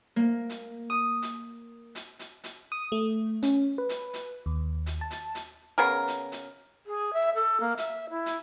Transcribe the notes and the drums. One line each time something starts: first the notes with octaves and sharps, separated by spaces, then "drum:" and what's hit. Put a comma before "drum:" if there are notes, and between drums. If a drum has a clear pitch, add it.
A#3
drum: hi-hat
D#6
drum: hi-hat
drum: hi-hat
drum: hi-hat
drum: hi-hat
D#6
A3
C#4, drum: hi-hat
B4
drum: hi-hat
drum: hi-hat
D#2
drum: hi-hat
A5
drum: hi-hat
drum: hi-hat
C#3 B3 G#4 A#4
drum: hi-hat
drum: hi-hat
G#4
E5
A4
A#3
E5, drum: hi-hat
E4
drum: hi-hat